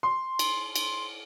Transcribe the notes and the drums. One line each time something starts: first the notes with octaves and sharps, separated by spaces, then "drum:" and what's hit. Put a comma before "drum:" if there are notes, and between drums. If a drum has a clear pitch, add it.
C6
drum: cymbal
drum: cymbal